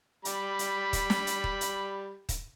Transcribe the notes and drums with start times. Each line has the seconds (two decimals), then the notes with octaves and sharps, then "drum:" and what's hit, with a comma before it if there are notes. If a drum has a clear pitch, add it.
0.25 G3 B5, drum: hi-hat
0.59 drum: hi-hat
0.93 drum: kick D#1, hi-hat
1.10 drum: snare
1.27 drum: hi-hat
1.44 drum: kick D#1
1.61 drum: hi-hat
2.29 drum: kick D#1, hi-hat